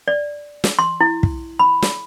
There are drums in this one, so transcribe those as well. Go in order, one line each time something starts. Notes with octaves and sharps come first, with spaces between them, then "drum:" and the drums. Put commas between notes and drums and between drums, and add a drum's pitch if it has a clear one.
D5
drum: snare
C6
E4
drum: kick
B5
drum: snare